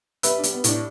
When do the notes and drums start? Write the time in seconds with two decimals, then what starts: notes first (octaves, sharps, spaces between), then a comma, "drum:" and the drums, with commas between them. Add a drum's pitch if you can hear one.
0.23 G3 B4 E5, drum: hi-hat
0.38 D4
0.43 G3, drum: hi-hat
0.53 B3
0.64 A2 D4, drum: hi-hat